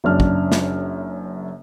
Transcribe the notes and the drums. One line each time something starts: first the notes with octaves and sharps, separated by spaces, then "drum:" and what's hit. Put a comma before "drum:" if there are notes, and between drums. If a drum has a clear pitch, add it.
F#1 F#2 D4 F6
drum: kick
drum: snare